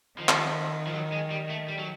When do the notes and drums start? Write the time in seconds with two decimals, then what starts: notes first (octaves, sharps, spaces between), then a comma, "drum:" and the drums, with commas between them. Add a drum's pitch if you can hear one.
0.18 D#3 F3
0.29 drum: clap
0.87 F3
0.93 F#3
1.12 G#3
1.30 G3
1.49 A3
1.68 G3
1.79 F#3